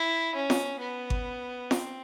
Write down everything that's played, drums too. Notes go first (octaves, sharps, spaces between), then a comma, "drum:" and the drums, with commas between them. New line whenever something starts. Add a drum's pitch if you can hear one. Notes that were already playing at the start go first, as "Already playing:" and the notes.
Already playing: E4
C#4
drum: snare F4
B3
drum: kick G#1
C4, drum: snare F4